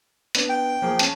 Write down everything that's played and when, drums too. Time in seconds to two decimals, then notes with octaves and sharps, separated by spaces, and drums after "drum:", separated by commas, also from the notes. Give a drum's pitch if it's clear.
0.35 B3 D4, drum: hi-hat
0.49 G5
0.82 F3 A#3 G#4
0.99 C#4 A5, drum: hi-hat